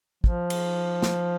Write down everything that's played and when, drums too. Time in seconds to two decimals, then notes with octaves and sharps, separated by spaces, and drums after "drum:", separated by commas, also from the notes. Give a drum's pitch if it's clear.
0.24 F3, drum: kick
0.50 drum: cymbal
1.02 drum: snare